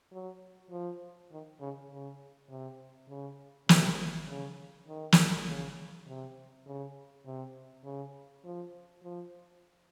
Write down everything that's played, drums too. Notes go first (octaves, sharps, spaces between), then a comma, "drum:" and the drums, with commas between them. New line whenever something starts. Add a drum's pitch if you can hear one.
F#3
F3
D#3
C#3
C#3
C3
C#3
C3, drum: snare
C#3
D#3
drum: snare
C#3
C3
C#3
C3
C#3
F3
F3